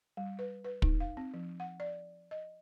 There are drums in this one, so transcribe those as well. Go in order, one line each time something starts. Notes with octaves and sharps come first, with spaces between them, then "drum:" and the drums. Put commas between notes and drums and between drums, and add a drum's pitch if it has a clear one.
G3
B4
B4
D#4, drum: kick
F5
C4
F3
F#5
D5
D#5